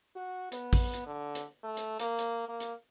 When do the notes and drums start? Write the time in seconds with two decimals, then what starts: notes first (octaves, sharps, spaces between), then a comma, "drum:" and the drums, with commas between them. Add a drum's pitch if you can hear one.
0.16 F#4
0.52 B3, drum: hi-hat
0.73 drum: kick A1, open hi-hat
0.94 drum: hi-hat
1.06 D3
1.35 drum: hi-hat
1.63 A3
1.77 drum: hi-hat
1.99 A#3, drum: hi-hat
2.19 drum: hi-hat
2.48 A#3
2.60 drum: hi-hat